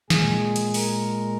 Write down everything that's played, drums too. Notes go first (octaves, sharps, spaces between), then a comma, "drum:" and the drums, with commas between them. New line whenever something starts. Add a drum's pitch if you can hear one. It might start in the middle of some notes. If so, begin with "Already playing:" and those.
A#2 G#3 G#4, drum: snare
drum: hi-hat
A#4, drum: open hi-hat